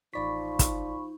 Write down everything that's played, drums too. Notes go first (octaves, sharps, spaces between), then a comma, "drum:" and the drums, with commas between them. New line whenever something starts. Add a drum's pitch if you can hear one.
A1 F3 D#4 D5 B5 C#6 B6
drum: kick, hi-hat